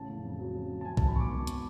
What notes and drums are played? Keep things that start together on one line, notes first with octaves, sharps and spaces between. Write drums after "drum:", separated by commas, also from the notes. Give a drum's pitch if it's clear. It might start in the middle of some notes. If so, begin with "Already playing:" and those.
Already playing: A1 C#3 A5
F1
F2
F#3
C#3
F#3
A5
F#3 G#5
G#1 A5, drum: kick
B5
B3 C#6 D6
G#1 C#6
drum: hi-hat